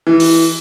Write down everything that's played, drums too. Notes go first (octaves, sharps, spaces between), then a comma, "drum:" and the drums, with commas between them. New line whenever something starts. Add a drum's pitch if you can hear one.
E3
drum: open hi-hat